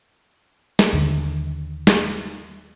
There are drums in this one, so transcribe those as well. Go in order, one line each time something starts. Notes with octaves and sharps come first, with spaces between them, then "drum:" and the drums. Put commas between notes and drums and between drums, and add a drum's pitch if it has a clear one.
drum: snare
D#2 D3 D#3
drum: snare